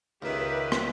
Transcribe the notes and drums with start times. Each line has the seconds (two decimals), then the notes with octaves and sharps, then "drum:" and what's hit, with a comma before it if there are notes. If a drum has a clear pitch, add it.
0.22 C#2 D#3 G4 B4 E5
0.72 drum: rim click